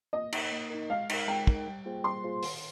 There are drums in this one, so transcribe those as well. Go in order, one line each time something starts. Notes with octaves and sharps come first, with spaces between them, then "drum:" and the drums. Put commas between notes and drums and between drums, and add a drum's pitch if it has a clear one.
A#3 D#5
D#4 A#4, drum: cymbal
A#3
D#4 A#4
G#3 F5
D#4 A#4, drum: cymbal
G#3 G5
D#4 A#4, drum: kick
G3
A#3 F4 G#4 C5
G3 C6
A#3 F4 G#4 C5
D#3, drum: open hi-hat